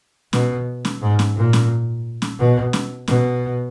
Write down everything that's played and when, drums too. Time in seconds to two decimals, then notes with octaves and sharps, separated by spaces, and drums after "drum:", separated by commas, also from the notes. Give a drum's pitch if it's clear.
0.33 B2, drum: snare C#4
0.85 drum: snare C#4
1.02 G#2
1.19 drum: snare C#4
1.36 A#2
1.53 drum: snare C#4
2.22 drum: snare C#4
2.39 B2
2.73 drum: snare C#4
3.08 B2, drum: snare C#4